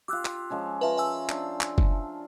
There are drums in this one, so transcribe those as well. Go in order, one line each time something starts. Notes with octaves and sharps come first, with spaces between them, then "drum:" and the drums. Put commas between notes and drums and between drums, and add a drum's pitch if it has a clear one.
F4 G4 D6 E6 F#6
drum: clap
F3 G#3 C#4
F4 A#4 B4 E5 A5
E5 G#5 E6
D4 C5, drum: clap
drum: clap
drum: kick F#1